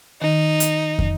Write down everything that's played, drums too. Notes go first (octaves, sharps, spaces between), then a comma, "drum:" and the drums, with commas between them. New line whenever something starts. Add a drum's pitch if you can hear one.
D#3 D#4
drum: hi-hat
drum: kick